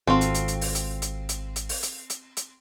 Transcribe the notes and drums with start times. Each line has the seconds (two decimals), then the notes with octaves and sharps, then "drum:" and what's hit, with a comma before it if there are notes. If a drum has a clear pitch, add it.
0.07 G#1 C4 F4 F#4 A4
0.21 drum: hi-hat
0.34 drum: hi-hat
0.48 drum: hi-hat
0.61 drum: open hi-hat
0.75 drum: hi-hat
1.02 drum: hi-hat
1.29 drum: hi-hat
1.56 drum: hi-hat
1.69 drum: open hi-hat
1.83 drum: hi-hat
2.10 drum: hi-hat
2.37 drum: hi-hat